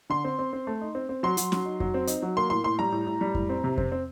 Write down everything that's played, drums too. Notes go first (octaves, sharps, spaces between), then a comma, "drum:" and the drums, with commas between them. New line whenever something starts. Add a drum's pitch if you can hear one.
D3 C6
C4
C4
C4
A3
D#4
C4
C4
F#3 C6
F#3, drum: hi-hat
F#3, drum: snare C#4
D#4
F#3, drum: kick F2
C4
D#4, drum: hi-hat
F#3
A#3 C6
A2 C6
A2 C6
G3 A#5
A2
A2
G3
A2, drum: kick F2
C4
C3
C4, drum: kick F2
C4